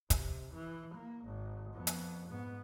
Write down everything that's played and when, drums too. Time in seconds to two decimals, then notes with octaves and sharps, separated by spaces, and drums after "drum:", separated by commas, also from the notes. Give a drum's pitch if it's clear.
0.10 C3, drum: kick, hi-hat
0.54 E3
0.94 A#3
1.25 G#1
1.73 F2 B3
1.87 drum: hi-hat
2.28 G#2 B3